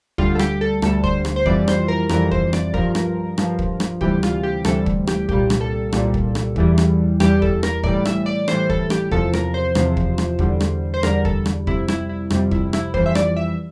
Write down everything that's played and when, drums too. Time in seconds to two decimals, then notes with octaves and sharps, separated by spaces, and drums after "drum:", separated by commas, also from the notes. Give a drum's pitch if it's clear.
0.18 D2 D3 G3 F4, drum: kick
0.35 A4
0.39 G4, drum: rim click
0.61 A4
0.82 D2 D3 G3 A4, drum: rim click
1.04 C5, drum: kick
1.25 drum: rim click
1.36 C5
1.46 F2 E3 G3 D5, drum: kick
1.68 C5, drum: rim click
1.88 A#4
2.09 F2 E3 G3 A#4, drum: rim click
2.31 C5, drum: kick
2.53 D5, drum: rim click
2.74 G2 F3 A#4, drum: kick
2.95 drum: rim click
3.38 G2 F3, drum: rim click
3.59 drum: kick
3.80 drum: rim click
4.01 D2 C3 E3 G3 G4, drum: kick
4.23 F4, drum: rim click
4.43 G4
4.65 D2 C3 E3 G3 A4, drum: rim click
4.86 drum: kick
5.07 G4, drum: rim click
5.29 C2 A#2 G3 G4, drum: kick
5.50 drum: rim click
5.61 A4
5.93 C2 A#2 G3, drum: rim click
6.14 drum: kick
6.35 drum: rim click
6.56 E2 E3 G3, drum: kick
6.78 drum: rim click
7.20 E2 E3 G3 G4, drum: rim click
7.42 A4, drum: kick
7.63 A#4, drum: rim click
7.83 A2 E3 G3 D5, drum: kick
8.05 E5, drum: rim click
8.26 D5
8.48 A2 E3 G3 C5, drum: rim click
8.70 A4, drum: kick
8.90 G4, drum: rim click
9.11 E2 C3 F3 A4, drum: kick
9.33 A#4, drum: rim click
9.54 C5
9.75 E2 C3 F3, drum: rim click
9.97 drum: kick
10.18 drum: rim click
10.39 E2 D3 G3, drum: kick
10.60 drum: rim click
10.94 C5
11.03 E2 D3 G3 A#4, drum: rim click
11.25 A4, drum: kick
11.46 drum: rim click
11.67 F2 C3 G3 E4, drum: kick
11.88 E4, drum: rim click
12.09 E4
12.30 F2 C3 G3, drum: rim click
12.51 E4, drum: kick
12.73 E4, drum: rim click
12.94 F2 E3 G3 C5, drum: kick
13.06 E5
13.15 D5, drum: rim click
13.37 E5